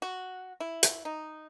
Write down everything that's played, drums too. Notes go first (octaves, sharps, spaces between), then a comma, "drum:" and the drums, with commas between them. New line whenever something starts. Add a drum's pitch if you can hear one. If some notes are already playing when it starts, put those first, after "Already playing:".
F#4
E4
drum: hi-hat
D#4